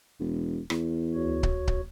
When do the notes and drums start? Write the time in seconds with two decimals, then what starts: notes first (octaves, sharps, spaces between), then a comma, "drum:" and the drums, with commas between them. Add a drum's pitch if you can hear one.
0.19 E1
0.70 E2, drum: rim click
1.14 D2 F#4 C#5
1.43 drum: kick C#1
1.68 drum: kick C#1